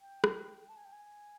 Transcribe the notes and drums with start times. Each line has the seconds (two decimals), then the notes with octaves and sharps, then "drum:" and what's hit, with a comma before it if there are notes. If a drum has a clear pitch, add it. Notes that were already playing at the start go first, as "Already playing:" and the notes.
0.01 G5
0.24 drum: rim click
0.69 A5
0.77 G#5
0.85 G5
0.92 G#5